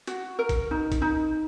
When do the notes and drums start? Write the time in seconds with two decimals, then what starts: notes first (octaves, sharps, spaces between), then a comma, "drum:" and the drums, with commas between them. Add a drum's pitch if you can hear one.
0.07 F#4, drum: hi-hat
0.39 A#4
0.49 drum: kick A1, hi-hat
0.71 D#4
0.92 drum: kick A1, hi-hat
1.02 D#4